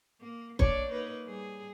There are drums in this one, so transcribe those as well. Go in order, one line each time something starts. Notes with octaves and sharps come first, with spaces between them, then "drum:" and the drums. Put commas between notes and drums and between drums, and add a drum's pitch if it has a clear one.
A#3
A#3 D4 C#5 D5, drum: kick
A#3 D#4 B4
G3 G#4